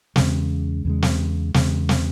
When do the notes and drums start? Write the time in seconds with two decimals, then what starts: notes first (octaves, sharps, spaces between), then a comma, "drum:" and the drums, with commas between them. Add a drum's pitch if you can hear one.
0.16 E2 C#3 G#3, drum: snare
0.85 E2 C#3 G#3
1.02 drum: snare
1.54 E2 C#3 G#3, drum: snare
1.89 drum: snare